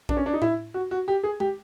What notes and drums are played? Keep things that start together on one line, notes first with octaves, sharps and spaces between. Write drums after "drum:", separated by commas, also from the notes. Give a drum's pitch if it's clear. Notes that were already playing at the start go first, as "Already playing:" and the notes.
D4, drum: kick A#1
C#4
D4
D#4
E4, drum: tom A2
F#4
F#4
G4
G#4
G4, drum: tom G#3